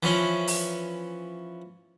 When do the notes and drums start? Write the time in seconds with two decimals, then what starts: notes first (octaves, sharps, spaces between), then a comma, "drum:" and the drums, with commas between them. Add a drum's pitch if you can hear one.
0.03 E3 F3 C#4
0.47 drum: open hi-hat